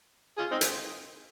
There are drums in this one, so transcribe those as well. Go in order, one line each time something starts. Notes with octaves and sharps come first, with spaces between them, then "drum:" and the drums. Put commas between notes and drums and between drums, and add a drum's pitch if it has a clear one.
F4 G#4
C4 D#4
drum: hi-hat